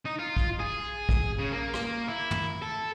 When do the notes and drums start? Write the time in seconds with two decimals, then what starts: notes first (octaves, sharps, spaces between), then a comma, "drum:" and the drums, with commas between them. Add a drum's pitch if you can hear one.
0.06 D#4
0.19 F4
0.37 drum: kick
0.59 G#4
1.09 drum: kick
1.38 C#3
1.52 A#3
1.74 drum: rim click
2.08 E4
2.31 drum: tom
2.62 A4